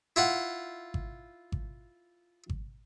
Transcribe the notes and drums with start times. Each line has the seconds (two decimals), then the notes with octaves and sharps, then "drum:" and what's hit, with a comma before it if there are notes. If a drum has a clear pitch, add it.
0.16 E4 F4 F#5
0.94 drum: kick G#1
1.52 drum: kick G#1
2.49 drum: kick G#1